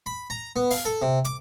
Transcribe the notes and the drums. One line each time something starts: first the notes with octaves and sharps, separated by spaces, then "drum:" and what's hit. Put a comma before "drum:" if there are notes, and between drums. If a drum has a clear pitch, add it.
B5
A#5
B3
F5, drum: open hi-hat
A4
C3
D6, drum: hi-hat